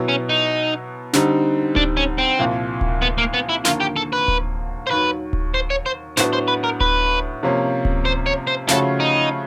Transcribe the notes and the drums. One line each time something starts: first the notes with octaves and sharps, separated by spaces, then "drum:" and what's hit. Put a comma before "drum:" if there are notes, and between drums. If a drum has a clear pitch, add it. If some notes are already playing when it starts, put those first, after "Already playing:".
Already playing: B2 F#3 B3 E4
C#4
D#4
D3 G3 C4 D#4, drum: snare
D4, drum: kick D1
C#4
C4
C2 A#2 F3
drum: kick D1
B3
A#3
B3
E4
D#2 D3 F3 A#3 F4, drum: snare
G4
A4
B4
drum: kick D1
C5
D#2 D#3 F#3 B4
drum: kick D1
C5
C#5
C5
A2 F#3 B3 D4 F#4 C5, drum: snare
C5
B4
A#4
B4, drum: kick D1
C3 F3 A#3 C#4
drum: kick D1
C5
C#5
C5
C#3 F3 A3 C#4 F#4 A4, drum: snare
D#4